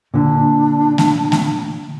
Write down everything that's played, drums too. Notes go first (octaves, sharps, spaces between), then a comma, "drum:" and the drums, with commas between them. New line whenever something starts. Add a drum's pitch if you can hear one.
A#2 D3 D4
drum: snare A3
drum: snare A3